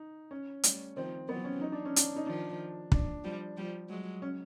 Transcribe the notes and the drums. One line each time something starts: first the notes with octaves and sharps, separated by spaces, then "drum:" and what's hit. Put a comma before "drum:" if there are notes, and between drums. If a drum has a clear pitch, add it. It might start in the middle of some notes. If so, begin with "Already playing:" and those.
Already playing: D#4
C#4
G3 A3, drum: hi-hat
D#3 F3 C4
E3 F#3 B3
C#4
D#4
D4
C#4
D4, drum: hi-hat
D#4
D#3 F3 D4
D4, drum: kick
F3 G3
F3 G3
F#3 G#3
C#4